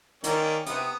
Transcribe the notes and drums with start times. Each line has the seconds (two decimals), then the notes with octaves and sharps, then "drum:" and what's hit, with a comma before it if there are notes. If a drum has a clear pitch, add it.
0.24 D#3 A#3 C#4 D5, drum: hi-hat
0.66 C3 B3 D#6, drum: hi-hat